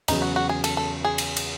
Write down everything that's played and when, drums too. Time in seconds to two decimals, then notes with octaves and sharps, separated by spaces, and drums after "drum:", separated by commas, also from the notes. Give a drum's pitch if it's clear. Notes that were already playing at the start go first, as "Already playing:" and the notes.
0.08 E2 C#3 F#3 D#4, drum: cymbal
0.22 F#4
0.36 F#4
0.49 G#4
0.64 A4, drum: cymbal
0.77 A4
1.04 G#4
1.18 drum: cymbal
1.36 drum: cymbal